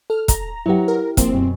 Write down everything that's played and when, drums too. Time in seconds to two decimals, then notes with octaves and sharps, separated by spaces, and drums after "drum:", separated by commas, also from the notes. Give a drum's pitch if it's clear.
0.10 A4 F6
0.28 A#5, drum: kick, hi-hat
0.66 F#3 E4 G4 B4 F#5
0.88 A#4
1.17 F3 A#3 C4, drum: kick, hi-hat
1.32 F#2 B2